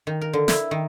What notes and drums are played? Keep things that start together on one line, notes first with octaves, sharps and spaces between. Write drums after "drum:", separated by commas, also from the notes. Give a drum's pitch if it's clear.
D#3
A#4
D3
E4, drum: snare
D#3